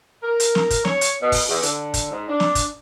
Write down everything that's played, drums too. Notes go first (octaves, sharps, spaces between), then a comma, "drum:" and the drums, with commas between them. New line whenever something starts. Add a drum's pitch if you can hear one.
A#4
drum: hi-hat
drum: snare
drum: kick, hi-hat
C#5, drum: snare
drum: hi-hat
B2
drum: kick, open hi-hat
E2
D3, drum: hi-hat
drum: kick, hi-hat
G#2
D4
drum: snare
drum: kick, hi-hat